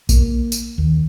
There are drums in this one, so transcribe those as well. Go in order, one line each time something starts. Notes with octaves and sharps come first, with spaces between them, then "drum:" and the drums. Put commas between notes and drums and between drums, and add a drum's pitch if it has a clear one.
A#3, drum: kick A#1, tambourine
drum: tambourine
D#2